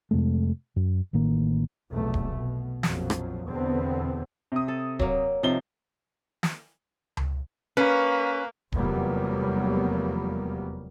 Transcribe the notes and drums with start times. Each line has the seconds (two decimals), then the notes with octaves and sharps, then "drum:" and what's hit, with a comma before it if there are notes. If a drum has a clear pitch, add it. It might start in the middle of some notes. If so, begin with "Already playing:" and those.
0.11 F2 C3 G#3 A3
0.76 F#2
1.13 A1 A2 D#3 A#3
1.90 F1 B1 E2 A3
2.14 drum: kick D1
2.33 B2
2.83 A#1 F2 F3 F#3, drum: snare
3.10 drum: rim click
3.46 E2 B2 D3 B3 C4
4.52 C3 D#6
4.68 A4
4.99 F#3 A#3, drum: kick D1
5.43 C3 F3 D#4 G7
6.43 drum: snare
7.17 drum: tom C#2
7.77 A#3 C#4 B4
8.72 F1 E2 F#3 G3 A#3 B3, drum: kick D1